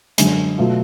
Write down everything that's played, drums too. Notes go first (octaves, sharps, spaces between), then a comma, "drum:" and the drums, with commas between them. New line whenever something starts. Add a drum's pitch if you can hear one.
F#2 D3 G#3, drum: hi-hat
B2 F#3 A3 F4